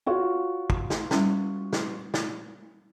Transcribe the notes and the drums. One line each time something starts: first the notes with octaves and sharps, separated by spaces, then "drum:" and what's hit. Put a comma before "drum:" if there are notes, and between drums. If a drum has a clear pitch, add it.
F4 F#4 C#5
drum: kick
drum: snare
G3 C#4, drum: snare
drum: snare
drum: snare